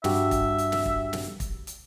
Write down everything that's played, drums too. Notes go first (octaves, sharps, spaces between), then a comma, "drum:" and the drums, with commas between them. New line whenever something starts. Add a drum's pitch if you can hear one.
G2 F#4 G4 E5, drum: snare
drum: kick, hi-hat
drum: hi-hat
drum: snare
drum: kick
drum: snare
drum: kick, hi-hat
drum: hi-hat